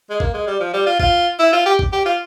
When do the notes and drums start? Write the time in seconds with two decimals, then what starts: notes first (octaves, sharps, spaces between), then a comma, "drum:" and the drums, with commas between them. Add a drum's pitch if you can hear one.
0.10 G#3
0.20 A#3, drum: kick A1
0.34 G#3
0.47 G3
0.60 F3
0.73 G3
0.86 F4
1.00 F4, drum: kick A1
1.39 E4
1.53 F4
1.66 G4
1.79 drum: kick A1
1.92 G4
2.06 F4